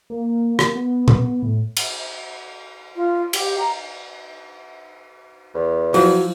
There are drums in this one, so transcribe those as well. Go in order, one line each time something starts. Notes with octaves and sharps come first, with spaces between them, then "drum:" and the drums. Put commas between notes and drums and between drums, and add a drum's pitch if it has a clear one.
A#3
drum: rim click
B3
drum: tom
A2
drum: cymbal
F4
G4, drum: cymbal
A#5
E2
F3 F#3 E4, drum: open hi-hat